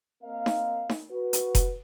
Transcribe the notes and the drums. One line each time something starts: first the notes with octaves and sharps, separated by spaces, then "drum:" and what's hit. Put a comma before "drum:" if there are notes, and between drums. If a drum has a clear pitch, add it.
A#3 C4 A#4 D#5 F5
drum: snare D#4
drum: snare D#4
F#4 B4
drum: hi-hat
drum: kick F1, hi-hat